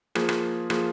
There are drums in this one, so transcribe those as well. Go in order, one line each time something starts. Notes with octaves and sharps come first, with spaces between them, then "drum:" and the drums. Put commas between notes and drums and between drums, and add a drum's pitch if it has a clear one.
F3 A#3 F4 G#4, drum: rim click
drum: rim click
F3 A#3 F4 G#4, drum: rim click